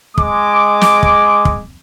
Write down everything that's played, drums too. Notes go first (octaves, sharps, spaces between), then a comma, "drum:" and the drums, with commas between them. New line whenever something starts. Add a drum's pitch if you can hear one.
G#3 D6, drum: kick
drum: snare
drum: kick
drum: kick